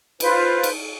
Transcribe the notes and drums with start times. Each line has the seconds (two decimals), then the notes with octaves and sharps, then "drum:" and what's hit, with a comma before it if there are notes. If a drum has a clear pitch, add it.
0.20 F4 B4 C5, drum: cymbal
0.63 drum: cymbal